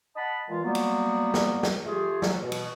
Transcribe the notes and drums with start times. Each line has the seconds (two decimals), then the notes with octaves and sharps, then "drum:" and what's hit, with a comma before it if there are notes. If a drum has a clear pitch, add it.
0.16 D#5 F#5 A5 B5
0.49 A#2 E3 G#3 F4
0.64 F#3 G3 A#3 B3
0.75 drum: cymbal
1.34 drum: snare
1.63 drum: snare
1.86 A3 F4 G4 G#4
2.22 F#3, drum: snare
2.42 B2
2.52 drum: cymbal